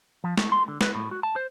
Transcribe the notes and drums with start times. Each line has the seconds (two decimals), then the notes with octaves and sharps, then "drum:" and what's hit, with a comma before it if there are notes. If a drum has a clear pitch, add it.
0.24 F3
0.37 A3, drum: snare
0.52 C6
0.68 D3
0.81 B4, drum: snare
0.95 A2
1.11 F#4
1.23 A5
1.36 C5